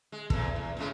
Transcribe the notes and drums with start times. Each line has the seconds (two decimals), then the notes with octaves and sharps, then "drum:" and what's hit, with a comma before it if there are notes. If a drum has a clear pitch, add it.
0.12 G#3
0.30 E2 A#2 A4, drum: kick
0.56 E2
0.77 A2 C#3 G#3